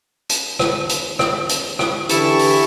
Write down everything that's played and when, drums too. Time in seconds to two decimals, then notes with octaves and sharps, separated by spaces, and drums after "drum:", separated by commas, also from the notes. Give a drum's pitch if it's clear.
0.29 drum: hi-hat
0.59 drum: rim click
0.89 drum: hi-hat
1.19 drum: rim click
1.49 drum: hi-hat
1.79 drum: rim click
2.09 D3 E3 E4 G4 A5 C#6, drum: hi-hat
2.39 drum: open hi-hat